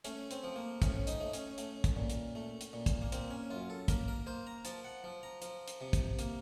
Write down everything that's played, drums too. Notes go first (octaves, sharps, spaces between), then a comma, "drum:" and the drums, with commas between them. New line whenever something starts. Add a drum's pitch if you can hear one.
A3 C#4, drum: hi-hat
C4, drum: hi-hat
F3
A#3
A2 C#4, drum: kick, hi-hat
D#4, drum: hi-hat
A3
C#4, drum: hi-hat
A3, drum: hi-hat
drum: kick, hi-hat
A#2
drum: hi-hat
A3
drum: hi-hat
A#2
drum: kick, hi-hat
A#3
A#3 C4, drum: hi-hat
C#4
F#2 F4
A4
A#3 A#4, drum: kick, hi-hat
A#4
A#3 C5
A#5
F3 A5, drum: hi-hat
F#5
F3
A#5
F3, drum: hi-hat
drum: hi-hat
C3
drum: kick, hi-hat
A#3, drum: hi-hat